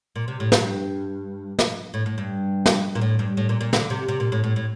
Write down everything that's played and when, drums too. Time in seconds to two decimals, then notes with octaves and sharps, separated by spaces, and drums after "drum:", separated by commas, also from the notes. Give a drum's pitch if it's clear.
0.16 A#2
0.28 C3
0.40 A2
0.52 G2, drum: snare
1.59 drum: snare
1.94 A2
2.06 A2
2.18 G2
2.66 drum: snare
2.95 A#2
3.01 A2
3.19 G2
3.37 A2
3.49 A#2
3.61 A#2
3.73 D3, drum: snare
3.90 C3
4.08 C3
4.20 A#2
4.32 A2
4.44 A2
4.56 A2